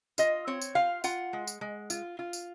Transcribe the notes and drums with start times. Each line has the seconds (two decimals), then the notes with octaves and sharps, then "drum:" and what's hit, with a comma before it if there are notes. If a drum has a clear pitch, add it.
0.18 F4 D#5, drum: tambourine
0.47 C4 C#5
0.62 drum: tambourine
0.75 F4 F5
1.04 F4 F#5, drum: tambourine
1.33 G#3
1.47 drum: tambourine
1.61 G#3
1.90 F4, drum: tambourine
2.19 F4
2.33 drum: tambourine